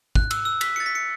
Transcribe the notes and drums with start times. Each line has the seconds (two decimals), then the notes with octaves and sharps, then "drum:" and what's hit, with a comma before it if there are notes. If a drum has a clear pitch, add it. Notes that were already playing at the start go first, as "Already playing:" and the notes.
0.15 F#6, drum: kick
0.31 E6, drum: cymbal
0.45 E6
0.61 B6, drum: cymbal
0.76 C#7
0.80 A6
0.86 B6
0.95 C#7